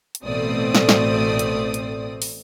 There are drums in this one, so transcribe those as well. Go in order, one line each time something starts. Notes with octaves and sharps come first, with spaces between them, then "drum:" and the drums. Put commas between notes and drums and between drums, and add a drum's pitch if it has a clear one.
drum: hi-hat
A1 B2 A3 C4 D5 D#6
drum: snare
drum: snare
drum: hi-hat
drum: hi-hat
drum: open hi-hat